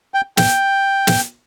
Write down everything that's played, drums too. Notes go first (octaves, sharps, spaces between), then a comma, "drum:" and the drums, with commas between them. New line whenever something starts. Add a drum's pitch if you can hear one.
G5
G5, drum: snare
drum: snare